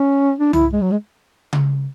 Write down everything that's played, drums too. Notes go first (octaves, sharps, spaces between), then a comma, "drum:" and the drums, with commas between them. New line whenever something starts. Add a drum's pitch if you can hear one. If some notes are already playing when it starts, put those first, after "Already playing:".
Already playing: C#4
D4
E4, drum: tom C2
G#3
F#3
G#3
drum: tom C#3